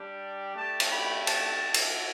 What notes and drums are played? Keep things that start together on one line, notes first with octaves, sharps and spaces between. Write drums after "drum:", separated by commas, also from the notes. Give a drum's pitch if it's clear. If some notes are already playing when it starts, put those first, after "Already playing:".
Already playing: G3 D4 G4
A3 D4 G4 A5
drum: cymbal
B5
A5, drum: cymbal
drum: cymbal